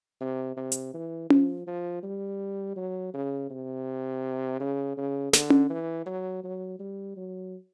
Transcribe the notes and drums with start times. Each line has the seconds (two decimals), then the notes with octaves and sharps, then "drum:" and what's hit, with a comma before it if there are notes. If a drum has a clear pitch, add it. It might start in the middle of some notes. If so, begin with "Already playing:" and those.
0.21 C3
0.57 C3
0.72 drum: hi-hat
0.94 E3
1.30 F3, drum: tom C#4
1.67 F3
2.03 G3
2.76 F#3
3.14 C#3
3.50 C3
4.60 C#3
4.97 C#3
5.33 D3, drum: snare
5.50 drum: tom C#4
5.70 E3
6.06 F#3
6.44 F#3
6.79 G3
7.17 F#3